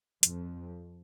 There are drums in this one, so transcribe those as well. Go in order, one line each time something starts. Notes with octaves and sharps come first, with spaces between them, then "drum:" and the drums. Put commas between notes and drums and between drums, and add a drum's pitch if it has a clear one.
F2, drum: hi-hat